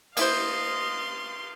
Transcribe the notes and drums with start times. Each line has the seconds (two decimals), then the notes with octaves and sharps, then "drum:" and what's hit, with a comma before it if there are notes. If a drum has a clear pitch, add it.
0.17 A#3 E4 C5 D#5 F5 C6, drum: cymbal